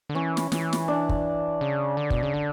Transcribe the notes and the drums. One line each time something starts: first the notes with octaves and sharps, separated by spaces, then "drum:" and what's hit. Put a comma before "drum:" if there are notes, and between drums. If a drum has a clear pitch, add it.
D3
E3 C#4
drum: snare
E3, drum: snare
drum: snare
D4
drum: kick
C#3
D3
B2, drum: kick
C#3
D3